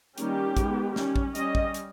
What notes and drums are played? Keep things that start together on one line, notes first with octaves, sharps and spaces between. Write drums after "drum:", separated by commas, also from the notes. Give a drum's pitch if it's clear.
D#3 G3 A#3 C#4 G4, drum: hi-hat
D#3 G#3 B3, drum: kick, hi-hat
G3 C#4, drum: snare
drum: kick
G3 C#4 D#5, drum: hi-hat
drum: kick
drum: hi-hat